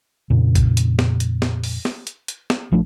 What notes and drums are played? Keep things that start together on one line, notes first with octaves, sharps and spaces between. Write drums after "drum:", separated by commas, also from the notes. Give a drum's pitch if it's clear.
F2 A#2 C#3
drum: kick A#1, hi-hat
drum: hi-hat
drum: snare
drum: hi-hat
drum: snare
drum: open hi-hat
drum: snare
drum: hi-hat
drum: hi-hat
drum: snare
A#1 F3 A3 D4